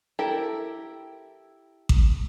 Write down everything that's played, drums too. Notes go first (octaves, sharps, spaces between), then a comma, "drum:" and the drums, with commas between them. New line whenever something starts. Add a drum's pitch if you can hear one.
E4 G4 A4 A#4
drum: kick A1